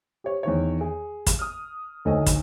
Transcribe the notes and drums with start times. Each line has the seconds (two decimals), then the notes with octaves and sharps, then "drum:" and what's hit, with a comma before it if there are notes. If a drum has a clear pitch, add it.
0.24 G4 C#5
0.43 E2 D#3 C#5
0.81 G#4
1.27 drum: kick, hi-hat
1.39 D#6 F6
2.05 D2 D#3 A4 C#5 D#5 G#5
2.26 drum: kick, hi-hat